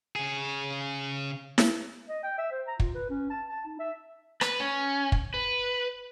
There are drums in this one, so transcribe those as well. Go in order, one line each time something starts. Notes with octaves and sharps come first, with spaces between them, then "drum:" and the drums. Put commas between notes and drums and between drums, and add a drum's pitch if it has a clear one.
C#3 G#4
drum: snare E4
D#5
G5
E5
C5
A#5
F4, drum: kick
B4
C#4
A5
A5
D#4
E5
B4, drum: rim click
C#4
drum: kick
B4